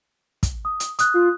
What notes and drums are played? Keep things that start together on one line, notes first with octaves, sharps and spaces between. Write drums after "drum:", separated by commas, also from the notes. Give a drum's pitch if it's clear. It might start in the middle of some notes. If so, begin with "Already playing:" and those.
drum: kick, hi-hat
D#6
drum: hi-hat
D#6 F#6, drum: hi-hat
F4